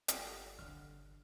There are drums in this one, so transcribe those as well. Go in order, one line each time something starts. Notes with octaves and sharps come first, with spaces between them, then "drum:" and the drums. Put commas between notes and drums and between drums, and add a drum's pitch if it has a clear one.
G1 G3 F4 A4 F#5, drum: hi-hat
D3 F6